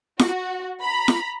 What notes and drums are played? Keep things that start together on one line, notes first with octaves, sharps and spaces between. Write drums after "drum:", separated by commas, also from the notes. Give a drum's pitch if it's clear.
F#4, drum: snare
A#5 B5
drum: snare